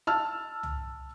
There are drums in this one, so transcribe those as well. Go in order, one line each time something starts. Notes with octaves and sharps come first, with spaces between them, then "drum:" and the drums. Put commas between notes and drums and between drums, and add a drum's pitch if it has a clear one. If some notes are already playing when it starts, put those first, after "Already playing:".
A5 E6 F6
drum: tom